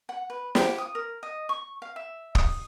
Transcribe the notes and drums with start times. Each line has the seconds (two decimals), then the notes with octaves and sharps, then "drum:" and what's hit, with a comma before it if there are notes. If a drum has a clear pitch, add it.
0.09 F#5
0.30 B4
0.55 G4, drum: snare
0.78 D#6
0.95 A#4
1.23 D#5
1.49 C#6
1.82 F5
1.96 E5
2.35 D#6, drum: kick